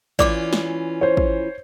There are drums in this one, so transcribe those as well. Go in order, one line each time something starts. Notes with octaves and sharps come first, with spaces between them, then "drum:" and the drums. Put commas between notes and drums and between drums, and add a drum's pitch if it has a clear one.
E3 C#4 F4 D5 D6, drum: kick
drum: snare
C5 C#5
drum: kick